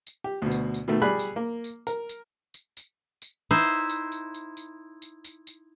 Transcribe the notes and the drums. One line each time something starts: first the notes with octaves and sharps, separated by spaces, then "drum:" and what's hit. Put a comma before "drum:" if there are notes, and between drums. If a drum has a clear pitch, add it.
drum: tambourine
G4
D2 B2
drum: tambourine
drum: tambourine
B2 D#3 A3
G3 G#4 B5 F#6
drum: tambourine
A#3
drum: tambourine
A#4, drum: tambourine
drum: tambourine
drum: tambourine
drum: tambourine
drum: tambourine
D#4 E4 C5
drum: tambourine
drum: tambourine
drum: tambourine
drum: tambourine
drum: tambourine
drum: tambourine
drum: tambourine